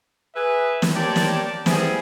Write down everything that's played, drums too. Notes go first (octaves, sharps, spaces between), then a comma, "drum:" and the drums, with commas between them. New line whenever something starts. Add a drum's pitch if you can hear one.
G#4 B4 E5
drum: snare
A#3 C4 G4 C#5 D5 A5
drum: snare
G3 B3 C4 E4 G#4, drum: snare